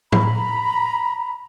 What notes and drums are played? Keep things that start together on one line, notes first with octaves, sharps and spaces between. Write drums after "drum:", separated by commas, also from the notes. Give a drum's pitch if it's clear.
A#5 B5, drum: tom A2